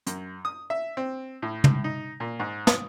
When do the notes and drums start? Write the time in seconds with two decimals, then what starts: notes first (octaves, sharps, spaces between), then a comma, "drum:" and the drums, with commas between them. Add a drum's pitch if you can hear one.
0.07 F#2, drum: hi-hat
0.45 D#6
0.70 E5
0.97 C4
1.42 A2
1.64 drum: tom
1.84 D#4
2.20 A#2
2.40 G#2
2.67 D#6, drum: snare